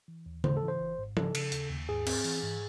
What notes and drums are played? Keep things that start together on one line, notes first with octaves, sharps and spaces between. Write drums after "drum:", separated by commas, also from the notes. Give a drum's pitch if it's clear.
E3
D#2
G#2 C5, drum: tom C#3
A4
E3
C5
G#1
G#2
C#3 A4, drum: tom F3
C#3, drum: cymbal
D#2, drum: hi-hat
D#2
G#2 G#4
C4, drum: cymbal
E3, drum: open hi-hat
G#2